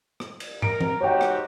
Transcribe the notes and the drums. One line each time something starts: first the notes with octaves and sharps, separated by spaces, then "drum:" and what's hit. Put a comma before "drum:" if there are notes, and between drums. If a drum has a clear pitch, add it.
drum: rim click
drum: cymbal
A#4 D7, drum: tom
drum: tom E3
G#2 F#4 G4 C#5 G5
drum: rim click